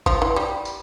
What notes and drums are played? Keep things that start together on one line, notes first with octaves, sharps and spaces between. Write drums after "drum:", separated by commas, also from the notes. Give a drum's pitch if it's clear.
F3, drum: kick G#1
E3
G3
drum: tambourine